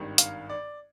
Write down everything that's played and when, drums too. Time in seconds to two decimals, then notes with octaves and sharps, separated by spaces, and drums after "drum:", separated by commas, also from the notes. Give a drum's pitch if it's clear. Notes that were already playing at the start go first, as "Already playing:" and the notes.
Already playing: G#1 G2 D#3
0.18 F5, drum: hi-hat
0.50 D5